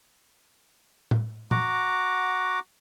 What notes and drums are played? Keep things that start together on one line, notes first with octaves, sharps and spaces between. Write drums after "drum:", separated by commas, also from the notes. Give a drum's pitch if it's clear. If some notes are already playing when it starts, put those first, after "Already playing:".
drum: tom A2
F#4 F#5 A#5 D6, drum: tom